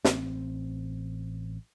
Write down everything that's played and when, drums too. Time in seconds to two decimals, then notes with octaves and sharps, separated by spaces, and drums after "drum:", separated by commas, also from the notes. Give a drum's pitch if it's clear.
0.05 A1 C4, drum: snare